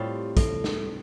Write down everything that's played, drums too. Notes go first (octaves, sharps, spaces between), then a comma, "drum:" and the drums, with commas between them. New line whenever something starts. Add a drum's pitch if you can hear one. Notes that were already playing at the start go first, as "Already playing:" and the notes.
Already playing: A2 G3 C4 F4 G4
A4, drum: kick, hi-hat
drum: snare